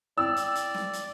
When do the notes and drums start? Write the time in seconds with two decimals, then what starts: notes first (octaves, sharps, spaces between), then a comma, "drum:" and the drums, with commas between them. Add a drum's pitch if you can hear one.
0.18 E4 D5 G5 E6
0.37 drum: hi-hat
0.55 drum: hi-hat
0.74 drum: snare
0.93 drum: hi-hat